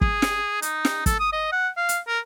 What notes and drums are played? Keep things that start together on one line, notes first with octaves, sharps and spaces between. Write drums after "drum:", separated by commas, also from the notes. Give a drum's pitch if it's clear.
G#4, drum: kick
drum: snare
D#4, drum: hi-hat
drum: snare
A4, drum: kick, hi-hat
D#6
D#5
F#5
F5
drum: hi-hat
A#4